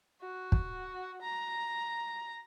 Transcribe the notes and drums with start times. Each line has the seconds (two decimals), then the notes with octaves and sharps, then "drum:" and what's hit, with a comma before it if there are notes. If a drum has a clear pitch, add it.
0.22 F#4
0.52 drum: kick
1.22 A#5